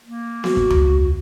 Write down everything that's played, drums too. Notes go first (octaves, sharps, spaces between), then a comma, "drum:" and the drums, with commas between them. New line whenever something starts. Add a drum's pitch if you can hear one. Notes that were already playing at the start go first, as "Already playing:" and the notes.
A#3
F#4, drum: snare B3
drum: kick
C#2, drum: tom E2